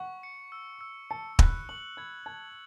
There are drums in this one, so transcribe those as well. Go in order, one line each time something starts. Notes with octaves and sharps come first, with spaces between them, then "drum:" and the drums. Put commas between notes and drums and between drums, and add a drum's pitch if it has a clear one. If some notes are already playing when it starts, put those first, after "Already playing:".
Already playing: F#5 C#6
C#7
E6
E6
A5 C#7
B5 F#6, drum: kick
C#6 F#7
B5 G#6
A5 G#6